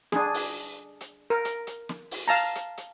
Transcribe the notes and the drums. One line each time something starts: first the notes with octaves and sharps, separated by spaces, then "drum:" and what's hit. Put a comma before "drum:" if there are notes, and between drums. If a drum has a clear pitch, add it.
D4 G#4, drum: snare
drum: open hi-hat
drum: hi-hat
A#4
drum: hi-hat
drum: hi-hat
drum: snare
drum: open hi-hat
F5 A5 A#5
drum: hi-hat
drum: hi-hat